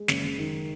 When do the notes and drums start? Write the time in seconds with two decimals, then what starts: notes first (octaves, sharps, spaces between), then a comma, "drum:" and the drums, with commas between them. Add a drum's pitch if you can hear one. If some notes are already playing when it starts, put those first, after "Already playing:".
Already playing: G#3
0.08 F#1, drum: snare
0.24 F#1
0.39 D#3